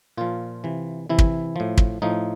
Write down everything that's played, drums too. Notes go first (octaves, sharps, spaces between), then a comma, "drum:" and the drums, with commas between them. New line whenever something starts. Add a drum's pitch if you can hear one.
A#2 F3 F4
C3 E3
C3 E3 E4
drum: kick
A2 F3
drum: kick
A2 F3 D#4